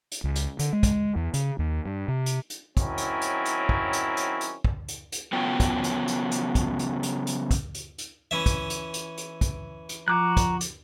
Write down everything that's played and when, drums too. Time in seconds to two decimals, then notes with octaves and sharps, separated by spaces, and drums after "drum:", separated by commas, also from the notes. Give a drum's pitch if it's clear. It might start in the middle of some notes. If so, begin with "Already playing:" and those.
0.12 drum: hi-hat
0.24 C#2
0.35 drum: hi-hat
0.59 D3, drum: hi-hat
0.73 G#3
0.83 drum: kick, hi-hat
1.16 E2
1.34 C#3, drum: hi-hat
1.59 D#2
1.85 G2
2.08 C3
2.26 drum: hi-hat
2.50 drum: hi-hat
2.77 D#3 F#3 C4 C#4 E4, drum: kick, hi-hat
2.98 drum: hi-hat
3.21 drum: hi-hat
3.45 drum: hi-hat
3.69 drum: kick
3.93 drum: hi-hat
4.17 drum: hi-hat
4.41 drum: hi-hat
4.65 drum: kick
4.88 drum: hi-hat
5.12 drum: hi-hat
5.33 C#3 F#3 B3 F4 C#5 G5
5.60 drum: kick, hi-hat
5.84 drum: hi-hat
6.08 drum: hi-hat
6.31 drum: hi-hat
6.55 drum: kick, hi-hat
6.79 drum: hi-hat
7.03 drum: hi-hat
7.27 drum: hi-hat
7.51 drum: kick, hi-hat
7.74 drum: hi-hat
7.98 drum: hi-hat
8.31 E3 C#4 E5
8.46 drum: kick, hi-hat
8.70 drum: hi-hat
8.94 drum: hi-hat
9.17 drum: hi-hat
9.41 drum: kick, hi-hat
9.89 drum: hi-hat
10.08 F3 F#4 A#5 D6 F#6
10.37 drum: kick, hi-hat
10.61 drum: hi-hat